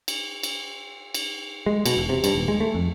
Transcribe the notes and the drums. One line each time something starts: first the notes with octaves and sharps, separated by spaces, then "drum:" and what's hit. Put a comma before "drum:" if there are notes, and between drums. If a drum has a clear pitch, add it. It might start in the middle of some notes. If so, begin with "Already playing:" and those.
drum: cymbal
drum: cymbal
drum: cymbal
G#3
B2, drum: cymbal
E1
C3
G2, drum: cymbal
D#1
G#3
A3
F2